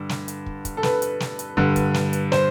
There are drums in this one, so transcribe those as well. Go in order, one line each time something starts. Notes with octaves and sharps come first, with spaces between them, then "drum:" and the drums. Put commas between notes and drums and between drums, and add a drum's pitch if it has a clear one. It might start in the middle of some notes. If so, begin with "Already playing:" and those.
Already playing: G2 D3
drum: snare
drum: hi-hat
drum: kick
drum: kick, hi-hat
A4
B4, drum: snare
drum: hi-hat
drum: snare
drum: hi-hat
G2 D3, drum: kick
drum: kick, hi-hat
drum: snare
drum: hi-hat
C5, drum: snare